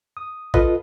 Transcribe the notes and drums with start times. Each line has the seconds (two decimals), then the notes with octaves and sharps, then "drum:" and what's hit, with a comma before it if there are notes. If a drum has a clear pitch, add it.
0.17 D#6
0.54 F4 A4 B4 D#5, drum: kick